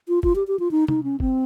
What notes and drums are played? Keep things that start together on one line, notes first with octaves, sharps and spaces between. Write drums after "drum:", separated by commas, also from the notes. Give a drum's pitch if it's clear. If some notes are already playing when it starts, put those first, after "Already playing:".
F4
F4, drum: kick
G4
G4
F4
D#4
D#4, drum: tom C3
C#4
C4, drum: kick